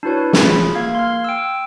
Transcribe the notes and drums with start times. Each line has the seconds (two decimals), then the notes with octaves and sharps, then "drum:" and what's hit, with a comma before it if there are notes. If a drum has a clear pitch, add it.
0.03 D4 E4 F#4 B4 C#5
0.33 F4 G#4 E5 B5, drum: snare
0.75 A#3 F5 G#6
0.95 C6 F6
1.24 G5 E6